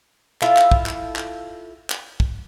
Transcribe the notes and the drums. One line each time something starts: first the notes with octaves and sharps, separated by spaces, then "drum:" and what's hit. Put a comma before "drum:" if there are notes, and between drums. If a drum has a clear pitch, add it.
E4 F4 A4 F5, drum: clap
drum: clap
drum: kick
drum: clap
drum: clap
drum: clap
drum: kick